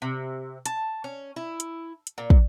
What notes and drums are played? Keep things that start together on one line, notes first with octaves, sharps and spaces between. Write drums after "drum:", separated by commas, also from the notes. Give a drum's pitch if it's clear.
C3
A5, drum: hi-hat
C#4
E4
drum: hi-hat
drum: hi-hat
A#2
drum: kick